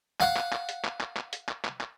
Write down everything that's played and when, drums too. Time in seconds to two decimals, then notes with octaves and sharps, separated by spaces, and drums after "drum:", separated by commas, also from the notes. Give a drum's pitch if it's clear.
0.21 F5 F#5, drum: clap
0.37 drum: clap
0.53 drum: clap
0.69 drum: hi-hat
0.85 drum: clap
1.01 drum: clap
1.17 drum: clap
1.33 drum: hi-hat
1.49 drum: clap
1.65 drum: clap
1.81 drum: clap